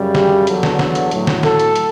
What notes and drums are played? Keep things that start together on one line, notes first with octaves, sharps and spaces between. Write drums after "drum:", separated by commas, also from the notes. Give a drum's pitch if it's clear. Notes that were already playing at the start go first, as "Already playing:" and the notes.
Already playing: F#2 C#3 G3
G4, drum: snare
E2 D3 F#3 A4, drum: hi-hat
drum: snare
drum: snare
drum: hi-hat
A2 F#3, drum: hi-hat
drum: snare
A4, drum: snare
drum: hi-hat
drum: hi-hat